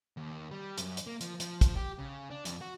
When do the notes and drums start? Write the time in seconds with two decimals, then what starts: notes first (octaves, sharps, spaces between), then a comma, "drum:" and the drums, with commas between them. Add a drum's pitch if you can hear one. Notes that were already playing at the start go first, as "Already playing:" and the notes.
0.17 D#2
0.51 G3
0.78 F#2, drum: hi-hat
0.97 drum: hi-hat
1.07 A#3
1.21 F3, drum: hi-hat
1.40 F3, drum: hi-hat
1.61 drum: kick, hi-hat
1.76 G4
1.98 C#3
2.30 D4
2.45 F2, drum: hi-hat
2.61 F#4